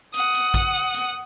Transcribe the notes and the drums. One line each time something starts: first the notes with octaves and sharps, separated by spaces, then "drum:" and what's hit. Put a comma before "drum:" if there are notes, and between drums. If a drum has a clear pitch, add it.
F#5 D#6, drum: hi-hat
drum: hi-hat
drum: kick, hi-hat
drum: open hi-hat
drum: hi-hat